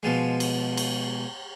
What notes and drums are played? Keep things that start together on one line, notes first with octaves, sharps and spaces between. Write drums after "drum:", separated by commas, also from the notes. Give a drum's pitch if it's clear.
B2 F3 G#3
drum: cymbal
drum: cymbal